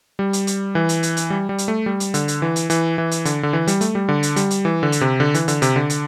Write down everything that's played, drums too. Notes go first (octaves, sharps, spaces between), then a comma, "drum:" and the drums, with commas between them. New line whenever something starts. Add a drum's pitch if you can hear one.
G3
drum: hi-hat
drum: hi-hat
E3
drum: hi-hat
drum: hi-hat
drum: hi-hat
G3
G3
drum: hi-hat
A3
G3
drum: hi-hat
D3, drum: hi-hat
drum: hi-hat
E3
drum: hi-hat
E3, drum: hi-hat
E3
drum: hi-hat
D3, drum: hi-hat
D3
E3
G3, drum: hi-hat
A3, drum: hi-hat
G3
D3
drum: hi-hat
G3, drum: hi-hat
drum: hi-hat
E3
D3
drum: hi-hat
C3
D3
E3, drum: hi-hat
D3, drum: hi-hat
C3, drum: hi-hat
D3
drum: hi-hat